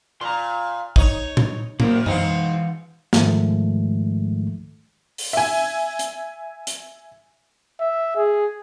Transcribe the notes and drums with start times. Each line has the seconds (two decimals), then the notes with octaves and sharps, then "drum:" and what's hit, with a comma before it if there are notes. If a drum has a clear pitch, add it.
0.21 A#2 A#5 C6
0.96 D#4 C#5, drum: kick
1.37 drum: tom A2
1.80 F#2 A#3 A#4 C5, drum: tom A2
2.06 E3 C4 D#4 F5 F#5, drum: tom F#2
3.13 G#2 D#3 F3 G#3 A3, drum: snare
5.18 drum: open hi-hat
5.33 E5 G#5
5.99 drum: hi-hat
6.67 drum: hi-hat
7.80 E5
8.17 G#4